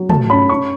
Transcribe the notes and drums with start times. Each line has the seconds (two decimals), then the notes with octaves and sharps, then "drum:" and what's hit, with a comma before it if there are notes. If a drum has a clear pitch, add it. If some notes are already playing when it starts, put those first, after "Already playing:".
Already playing: F#3
0.09 A3 A5, drum: tom
0.30 C#4 B5
0.49 C#4 C#6